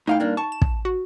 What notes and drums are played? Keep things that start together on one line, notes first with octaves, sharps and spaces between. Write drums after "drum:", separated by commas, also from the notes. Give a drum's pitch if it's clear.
A2 D#4 F5 G5
G2 A#3 D4
A5 C#6
E7
drum: kick
F#4